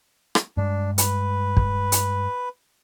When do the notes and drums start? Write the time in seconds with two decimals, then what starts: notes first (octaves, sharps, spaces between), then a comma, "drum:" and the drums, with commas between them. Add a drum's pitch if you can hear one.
0.35 drum: rim click
0.57 G2 G#3 D4
0.98 B4, drum: hi-hat
1.57 drum: kick
1.92 drum: hi-hat